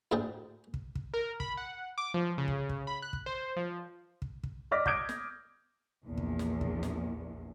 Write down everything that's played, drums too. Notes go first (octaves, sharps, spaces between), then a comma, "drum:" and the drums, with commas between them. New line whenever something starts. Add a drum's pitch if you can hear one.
D2 A2 D4 G#4 A4 G5
drum: kick
drum: kick
A#4
B5, drum: kick
F#5
D6
F3
C#3
drum: kick
drum: kick
B5
F#6
drum: kick
C5
F3
drum: kick
drum: kick
D5 D#5 D6 F6 A#6 B6
D6 D#6 G6 G#6 D7, drum: kick
drum: snare
A#1 E2
drum: kick
drum: snare
drum: kick
drum: snare